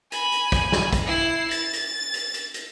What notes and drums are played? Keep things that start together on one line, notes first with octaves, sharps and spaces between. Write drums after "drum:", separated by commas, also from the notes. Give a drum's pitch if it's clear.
G#5 B5, drum: hi-hat
drum: hi-hat
drum: kick, hi-hat
drum: snare
drum: kick, hi-hat
E4 C7
A6, drum: hi-hat
drum: hi-hat
drum: hi-hat
drum: hi-hat
drum: hi-hat